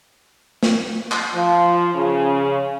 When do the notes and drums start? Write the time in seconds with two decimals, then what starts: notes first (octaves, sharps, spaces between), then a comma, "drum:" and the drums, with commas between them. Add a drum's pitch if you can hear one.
0.63 drum: snare
1.12 drum: clap
1.35 F3
1.95 C#3